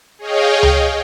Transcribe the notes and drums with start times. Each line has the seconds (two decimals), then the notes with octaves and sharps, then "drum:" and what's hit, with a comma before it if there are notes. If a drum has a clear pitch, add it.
0.19 G#4 C#5 D#5 F5 G5
0.63 drum: tom C#2